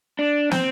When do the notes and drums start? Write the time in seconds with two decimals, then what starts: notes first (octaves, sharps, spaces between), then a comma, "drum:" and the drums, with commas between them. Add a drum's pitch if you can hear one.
0.19 D4
0.51 C4, drum: snare